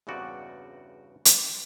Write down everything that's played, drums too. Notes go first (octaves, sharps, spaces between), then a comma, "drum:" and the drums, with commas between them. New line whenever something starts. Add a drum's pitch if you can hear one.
E2 G2 C#3 C4 F#4 D5
drum: hi-hat